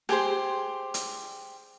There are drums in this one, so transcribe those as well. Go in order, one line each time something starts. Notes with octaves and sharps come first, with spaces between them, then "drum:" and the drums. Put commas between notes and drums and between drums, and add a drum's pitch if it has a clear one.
G4 G#4 C5, drum: rim click
drum: hi-hat